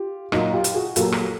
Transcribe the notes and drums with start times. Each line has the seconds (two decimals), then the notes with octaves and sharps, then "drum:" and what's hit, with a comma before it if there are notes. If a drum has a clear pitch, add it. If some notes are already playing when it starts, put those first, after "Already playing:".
Already playing: F4 G4
0.32 A#2 F#3 A#3 D#4 F4, drum: rim click
0.54 F4 G4
0.64 drum: hi-hat
0.74 F#4 G#4
0.96 A#2 F#3 A#3 G4 A4, drum: hi-hat
1.12 drum: rim click